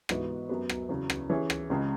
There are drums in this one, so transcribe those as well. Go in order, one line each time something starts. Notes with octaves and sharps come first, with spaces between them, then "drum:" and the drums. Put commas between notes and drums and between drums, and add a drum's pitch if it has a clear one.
G#2 E3 B3 F#4, drum: rim click
F#2 F#3 B3
drum: rim click
E2 C#3 F#3
drum: rim click
E3 C#4 G#4
drum: rim click
C#2 C#3 G#3